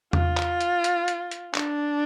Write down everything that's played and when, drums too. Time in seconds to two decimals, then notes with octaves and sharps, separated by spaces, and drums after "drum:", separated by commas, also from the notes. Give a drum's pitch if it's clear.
0.13 F4, drum: tom E2
0.37 drum: clap
0.61 drum: hi-hat
0.84 drum: hi-hat
1.08 drum: hi-hat
1.31 drum: hi-hat
1.55 D4, drum: clap